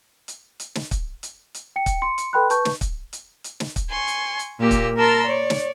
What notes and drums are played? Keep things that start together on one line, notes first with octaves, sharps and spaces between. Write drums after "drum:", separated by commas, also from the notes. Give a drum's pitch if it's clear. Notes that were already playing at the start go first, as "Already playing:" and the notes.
drum: hi-hat
drum: hi-hat
drum: snare
drum: kick, hi-hat
drum: hi-hat
drum: hi-hat
G5 C#7
drum: kick, hi-hat
C6 C#7
drum: hi-hat
A4 B4 G5 B5 C6 F#6
B4 A5 C#6 G6, drum: hi-hat
drum: snare
drum: kick, hi-hat
drum: hi-hat
drum: hi-hat
drum: snare
drum: kick, hi-hat
G#5 C6 C#6
drum: hi-hat
drum: hi-hat
A#2 A#3 G4 E6
drum: kick, hi-hat
A#4 A5 A#5 C6 E6 A6
C#5 D5
drum: snare